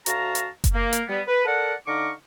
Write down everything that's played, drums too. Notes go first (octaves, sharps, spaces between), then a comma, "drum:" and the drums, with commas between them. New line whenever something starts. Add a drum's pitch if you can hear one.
D2 F#4 F5 A5 A#5, drum: hi-hat
drum: hi-hat
drum: kick F#1, hi-hat
A#3
drum: hi-hat
G3 B3
B4
A4 A#4 D5 F#5
D3 D#4 D#5 F5 C#6 D6